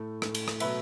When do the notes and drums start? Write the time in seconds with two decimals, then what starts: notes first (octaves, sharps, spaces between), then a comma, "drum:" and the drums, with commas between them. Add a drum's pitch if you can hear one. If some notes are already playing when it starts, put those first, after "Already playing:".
Already playing: A2 A3
0.22 A2 A3, drum: rim click
0.35 drum: cymbal
0.48 drum: rim click
0.60 B2 F#3 A3 B4 E5, drum: cymbal